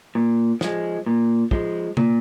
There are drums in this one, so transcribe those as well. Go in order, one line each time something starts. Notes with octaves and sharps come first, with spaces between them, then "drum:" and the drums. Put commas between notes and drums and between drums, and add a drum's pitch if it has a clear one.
A#2
F3 G#3, drum: snare
A#2
F3 G#3, drum: kick
A#2, drum: tom C3